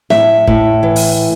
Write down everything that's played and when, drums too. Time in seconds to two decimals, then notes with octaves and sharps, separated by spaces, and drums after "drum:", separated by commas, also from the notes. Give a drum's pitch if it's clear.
0.10 A2 E5, drum: snare
0.47 A2, drum: kick
0.83 E3
0.96 drum: open hi-hat